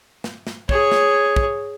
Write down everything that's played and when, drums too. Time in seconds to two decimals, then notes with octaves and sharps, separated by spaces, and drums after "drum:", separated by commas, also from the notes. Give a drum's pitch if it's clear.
0.24 drum: snare
0.47 drum: snare
0.69 G#4 C#5, drum: kick
0.92 drum: snare
1.36 drum: kick